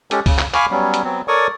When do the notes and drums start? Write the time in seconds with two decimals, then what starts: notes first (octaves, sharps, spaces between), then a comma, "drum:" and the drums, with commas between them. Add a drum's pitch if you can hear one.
0.11 G#3 C#4 G4 A4, drum: hi-hat
0.26 C#3, drum: kick, open hi-hat
0.39 drum: clap
0.54 F5 G#5 B5 C#6 D6 F6, drum: clap
0.71 F#3 G3 B3 C#4
0.94 drum: hi-hat
1.04 F#3 B3 C4
1.28 A4 A#4 C#5 D5 C#6 D#6